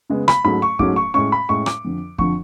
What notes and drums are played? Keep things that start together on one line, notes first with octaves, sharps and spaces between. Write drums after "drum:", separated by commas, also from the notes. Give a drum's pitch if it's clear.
C#3 G#3 B3
B5, drum: rim click
G#2 F#3 A3 C#4 B5
C#6
G#2 F#3 A3 C#4 D6, drum: kick
C#6
A2 G#3 C#4 C#6
B5
A2 G#3 C#4 C#6
D6, drum: rim click
F2 D3 F3
F2 D3 F3 C#6, drum: kick